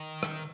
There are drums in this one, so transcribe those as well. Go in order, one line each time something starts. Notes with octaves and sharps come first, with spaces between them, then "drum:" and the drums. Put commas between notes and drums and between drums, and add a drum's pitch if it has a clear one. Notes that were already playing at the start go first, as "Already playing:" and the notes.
Already playing: D#3
drum: rim click